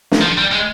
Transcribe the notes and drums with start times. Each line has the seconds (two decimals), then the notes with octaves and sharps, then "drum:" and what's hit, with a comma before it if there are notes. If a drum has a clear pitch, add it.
0.12 drum: snare
0.22 F3
0.38 G3
0.52 G#3